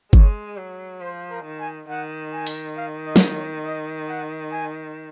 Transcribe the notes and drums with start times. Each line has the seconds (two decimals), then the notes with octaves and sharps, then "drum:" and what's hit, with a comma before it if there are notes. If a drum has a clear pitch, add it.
0.13 G#3 C#5, drum: kick G1
0.57 F#3
1.01 F3 C5
1.30 A#4
1.45 D#3
1.60 G#5
1.89 D#3 F#5
2.33 G#5
2.47 drum: open hi-hat
2.77 F5
3.06 D#5
3.16 drum: snare
3.35 C#5
3.64 D#5
4.09 F#5
4.52 G#5